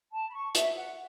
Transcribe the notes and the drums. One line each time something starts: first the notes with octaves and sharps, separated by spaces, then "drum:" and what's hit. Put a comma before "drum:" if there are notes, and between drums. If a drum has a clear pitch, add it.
A5
B5
C#6
E5, drum: hi-hat
F#5